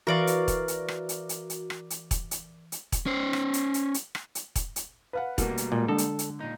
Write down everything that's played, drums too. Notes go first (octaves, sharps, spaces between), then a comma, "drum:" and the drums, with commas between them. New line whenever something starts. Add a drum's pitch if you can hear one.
E3 F#4 A#4 D5 F5 C#6
drum: hi-hat
drum: kick E1, hi-hat
drum: hi-hat
drum: rim click
drum: hi-hat
drum: hi-hat
drum: hi-hat
drum: rim click
drum: hi-hat
drum: kick E1, hi-hat
drum: hi-hat
drum: hi-hat
drum: kick E1, hi-hat
C#4 C5
drum: rim click
drum: hi-hat
drum: hi-hat
drum: hi-hat
drum: rim click
drum: hi-hat
drum: kick E1, hi-hat
drum: hi-hat
B4 F5 F#5
B2 G3 A3 A#3 A#4, drum: kick E1, hi-hat
drum: hi-hat
A#2 G#3
D3 G#3 D4 A4
drum: hi-hat
drum: hi-hat
A#2 D#4